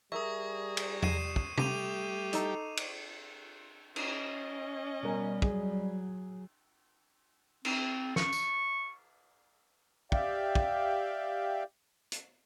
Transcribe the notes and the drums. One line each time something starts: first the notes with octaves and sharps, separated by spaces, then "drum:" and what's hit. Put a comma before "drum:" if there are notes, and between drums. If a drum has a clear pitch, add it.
G3 G#4 A#4 E5 A#5 C#6 D#6
drum: cymbal
C7 D#7 E7, drum: tom E2
drum: kick
G3 A3 G4 D6 D#7 F7, drum: tom
D#4 A4 A#5, drum: hi-hat
drum: cymbal
C#4 D#5, drum: cymbal
B2 G3 A#4 G#5
F#3 G#4, drum: kick
C4, drum: cymbal
C#6, drum: snare
drum: tambourine
G4 D5 E5 F5 G5, drum: kick
drum: kick
drum: hi-hat